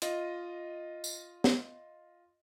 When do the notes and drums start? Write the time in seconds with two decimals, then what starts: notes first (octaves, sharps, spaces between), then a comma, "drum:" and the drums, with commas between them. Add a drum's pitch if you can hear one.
0.02 F4 D#5, drum: hi-hat
1.04 drum: tambourine
1.44 drum: snare